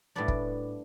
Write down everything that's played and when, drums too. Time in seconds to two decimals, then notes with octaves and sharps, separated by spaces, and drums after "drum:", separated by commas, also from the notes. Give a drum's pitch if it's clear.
0.15 A2 G3 B3 D4 D5
0.28 drum: kick